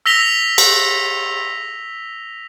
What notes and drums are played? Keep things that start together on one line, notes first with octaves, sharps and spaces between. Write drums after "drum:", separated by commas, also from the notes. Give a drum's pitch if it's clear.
E6 A#6 B6 F7 G7
drum: cymbal